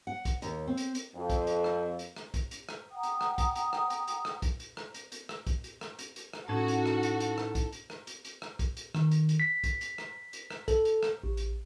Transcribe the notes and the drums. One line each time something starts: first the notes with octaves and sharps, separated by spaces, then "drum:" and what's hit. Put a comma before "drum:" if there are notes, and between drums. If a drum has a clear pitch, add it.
F#5
drum: kick, hi-hat
D#2, drum: hi-hat
C4
drum: hi-hat
drum: hi-hat
F2
drum: kick, hi-hat
drum: hi-hat
drum: rim click
drum: hi-hat
drum: rim click
drum: kick, hi-hat
drum: hi-hat
drum: rim click
F#5 G5 A#5 D#6
drum: hi-hat
drum: rim click
drum: kick, hi-hat
drum: hi-hat
drum: rim click
drum: hi-hat
drum: hi-hat
drum: rim click
drum: kick, hi-hat
drum: hi-hat
drum: rim click
drum: hi-hat
drum: hi-hat
drum: rim click
drum: kick, hi-hat
drum: hi-hat
drum: rim click
drum: hi-hat
drum: hi-hat
drum: rim click
A2 C#4 D#4 F#4 A4 A5
drum: hi-hat
drum: rim click
drum: hi-hat
drum: hi-hat
drum: rim click
drum: kick, hi-hat
drum: hi-hat
drum: rim click
drum: hi-hat
drum: hi-hat
drum: rim click
drum: kick, hi-hat
drum: hi-hat
D#3, drum: rim click
drum: hi-hat
drum: hi-hat
B6
drum: kick, hi-hat
drum: hi-hat
drum: rim click
drum: hi-hat
drum: rim click
A4, drum: kick, hi-hat
drum: hi-hat
drum: rim click
A1
drum: hi-hat